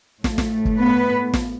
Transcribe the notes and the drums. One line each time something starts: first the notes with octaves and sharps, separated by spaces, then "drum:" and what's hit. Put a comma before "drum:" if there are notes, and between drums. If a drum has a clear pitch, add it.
A2 A3, drum: snare
drum: snare
drum: kick
B3 B4
drum: snare